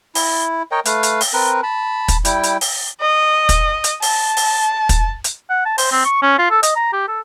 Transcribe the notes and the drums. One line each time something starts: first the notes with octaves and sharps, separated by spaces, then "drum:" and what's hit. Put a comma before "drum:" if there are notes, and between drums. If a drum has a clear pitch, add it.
E4, drum: open hi-hat
A#4 C#5 D#5 G5
A3 B4 F5, drum: hi-hat
drum: hi-hat
drum: open hi-hat
C4 A#4 B4
A5 B5
drum: kick, hi-hat
G3 E4 G5, drum: hi-hat
drum: hi-hat
drum: open hi-hat
D#5
drum: kick, hi-hat
drum: hi-hat
A5, drum: open hi-hat
drum: open hi-hat
drum: kick, hi-hat
drum: hi-hat
F#5
A5
C5, drum: open hi-hat
C4
C#6
C#4
F4
A4
D#5, drum: hi-hat
A#5
G4
A4